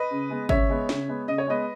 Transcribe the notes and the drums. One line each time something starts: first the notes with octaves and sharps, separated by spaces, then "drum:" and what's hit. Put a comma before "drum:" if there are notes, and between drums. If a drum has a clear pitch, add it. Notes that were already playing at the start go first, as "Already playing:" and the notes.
Already playing: B4 D#5
C#3
G#3 B3
C#3 C#5 E5, drum: kick G#1
G#3 B3
C#3, drum: snare
G#3 B3
C#3 D#5
C#5
G#3 B3 B4 D#5